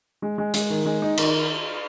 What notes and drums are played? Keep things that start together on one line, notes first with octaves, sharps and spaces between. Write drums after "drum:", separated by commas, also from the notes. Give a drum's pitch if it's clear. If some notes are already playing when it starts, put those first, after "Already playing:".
G#3
G#3
G#3, drum: hi-hat
D#3
G#3
D#4
D#3, drum: cymbal